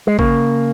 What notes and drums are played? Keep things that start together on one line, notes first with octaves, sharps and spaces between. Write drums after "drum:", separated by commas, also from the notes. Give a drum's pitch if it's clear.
G#3
C#3 A#3, drum: kick G#1